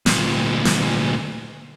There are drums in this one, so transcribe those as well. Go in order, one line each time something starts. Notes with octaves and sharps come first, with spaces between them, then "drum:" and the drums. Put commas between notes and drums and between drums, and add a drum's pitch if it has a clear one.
D2 A#2, drum: snare
drum: snare